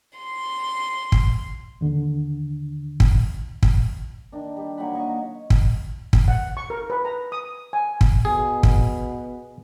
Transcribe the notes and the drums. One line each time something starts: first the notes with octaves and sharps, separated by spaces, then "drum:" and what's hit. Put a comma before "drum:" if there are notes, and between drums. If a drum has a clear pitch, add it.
C6
drum: kick
D#2 D3
drum: kick
drum: kick
D#3 D4
G3
F#3 A#3 G5 B5
C#5 D#5 C#6
drum: kick
drum: kick
F#5
C#6
A#4
B4
A#5
D#6
G#5
drum: kick
B2 G#4
drum: kick